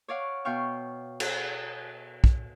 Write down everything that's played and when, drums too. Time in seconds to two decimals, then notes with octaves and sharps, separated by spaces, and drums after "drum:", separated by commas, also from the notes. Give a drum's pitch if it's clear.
0.08 C#5 D5 F5 F#5
0.45 B2 F5 G5 C#6 F6
1.20 A4, drum: cymbal
2.24 drum: kick